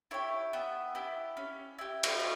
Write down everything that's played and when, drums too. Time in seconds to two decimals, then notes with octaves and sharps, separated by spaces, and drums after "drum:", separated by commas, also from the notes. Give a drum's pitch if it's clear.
0.11 E4 G4 C#5
0.53 B3 E5
0.95 E4 G4
1.37 C#4
1.79 E4 G4
2.03 drum: cymbal
2.20 A3